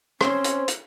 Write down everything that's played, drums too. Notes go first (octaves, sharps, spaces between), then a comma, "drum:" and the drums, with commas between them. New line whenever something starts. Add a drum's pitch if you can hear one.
C4 C#4 C5, drum: rim click
drum: hi-hat
drum: hi-hat